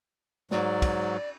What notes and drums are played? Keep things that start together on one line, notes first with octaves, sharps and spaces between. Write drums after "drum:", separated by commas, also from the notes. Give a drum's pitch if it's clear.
G#2 F#3 D5, drum: snare
drum: kick, cymbal